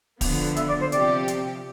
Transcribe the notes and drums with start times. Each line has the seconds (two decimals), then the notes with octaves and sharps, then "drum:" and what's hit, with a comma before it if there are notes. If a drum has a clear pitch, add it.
0.21 D3 F3 B3, drum: kick, open hi-hat
0.56 E5, drum: hi-hat
0.69 D5
0.81 C5
0.92 C3 F3 C4 G4 D5, drum: hi-hat
1.28 drum: hi-hat